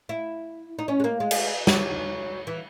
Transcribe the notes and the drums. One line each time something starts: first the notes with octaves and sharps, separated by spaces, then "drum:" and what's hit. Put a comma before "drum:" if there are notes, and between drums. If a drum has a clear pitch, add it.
E4
D#4
C#4
G#3
A#3
G#3
drum: cymbal
F#3, drum: snare
E3